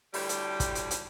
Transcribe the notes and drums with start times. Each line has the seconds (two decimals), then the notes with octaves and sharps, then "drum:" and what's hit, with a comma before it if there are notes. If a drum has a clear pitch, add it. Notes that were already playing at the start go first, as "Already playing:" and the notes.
0.14 D2 A2 G3, drum: open hi-hat
0.29 drum: hi-hat
0.60 drum: kick, hi-hat
0.75 drum: hi-hat
0.91 drum: hi-hat